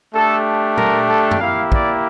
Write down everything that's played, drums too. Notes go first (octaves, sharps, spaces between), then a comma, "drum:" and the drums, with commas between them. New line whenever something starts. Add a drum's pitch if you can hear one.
A3 D4 G4 A4
A#4, drum: tom
A4
drum: tom
A#3 E4 G4 F5
D5, drum: kick